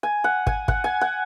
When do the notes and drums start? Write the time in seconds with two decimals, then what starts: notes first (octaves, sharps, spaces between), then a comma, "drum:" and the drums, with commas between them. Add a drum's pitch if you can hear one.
0.03 G#5
0.24 F#5
0.47 G#5, drum: kick
0.68 F#5, drum: kick
0.84 G#5
1.01 F#5